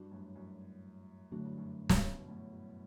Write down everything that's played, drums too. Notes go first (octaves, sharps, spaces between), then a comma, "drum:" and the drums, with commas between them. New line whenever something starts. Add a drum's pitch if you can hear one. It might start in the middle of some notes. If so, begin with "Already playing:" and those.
Already playing: G2 G3 D4 F#4
F#2 A2
F#2
A2 D3 F#3 A3 D4 F#4
G2
F#2 A2
drum: snare
A2
G2 B2
B2
F#2 A2
G2